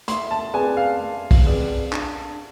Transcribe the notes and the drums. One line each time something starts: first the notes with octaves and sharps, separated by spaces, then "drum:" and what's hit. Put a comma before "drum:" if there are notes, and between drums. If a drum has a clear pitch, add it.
A3 C6, drum: hi-hat
A5
C4 G#4 B4 D5 G#5
F5
A3
drum: kick B1, open hi-hat
C4 G#4 B4 D5
D4, drum: clap